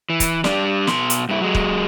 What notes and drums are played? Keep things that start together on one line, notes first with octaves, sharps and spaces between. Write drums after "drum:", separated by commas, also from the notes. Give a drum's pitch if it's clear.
E3
drum: kick, hi-hat
G3 D4, drum: snare
B2 C6, drum: snare
drum: hi-hat
G2 E4
F#3 G#3
drum: kick